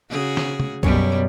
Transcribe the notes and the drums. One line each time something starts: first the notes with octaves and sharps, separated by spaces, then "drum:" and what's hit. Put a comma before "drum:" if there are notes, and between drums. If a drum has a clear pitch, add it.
C#3 F#4 G#4
drum: snare
drum: tom
F#2 B2 G3 C#5, drum: kick B1